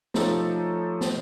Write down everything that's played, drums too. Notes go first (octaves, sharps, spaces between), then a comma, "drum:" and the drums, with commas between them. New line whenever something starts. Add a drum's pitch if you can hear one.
F3 A3 D#4 G4 A4 C#5, drum: snare
drum: snare